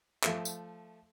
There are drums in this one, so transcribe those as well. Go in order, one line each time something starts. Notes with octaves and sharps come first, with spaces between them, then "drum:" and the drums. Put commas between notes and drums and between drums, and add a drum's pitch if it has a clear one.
F3 A3 A4 E5, drum: clap
drum: tambourine